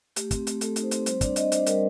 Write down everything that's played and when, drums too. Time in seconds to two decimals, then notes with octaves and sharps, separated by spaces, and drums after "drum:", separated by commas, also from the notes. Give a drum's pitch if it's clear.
0.16 A3 G4, drum: hi-hat
0.31 C4, drum: kick, hi-hat
0.47 A3, drum: hi-hat
0.61 A3 A4, drum: hi-hat
0.76 D#4, drum: hi-hat
0.83 C5
0.91 C4, drum: hi-hat
1.06 G3 C5, drum: hi-hat
1.21 D4 D5, drum: kick, hi-hat
1.36 D4 D#5, drum: hi-hat
1.52 D4 C5, drum: hi-hat
1.66 G3 A#4, drum: hi-hat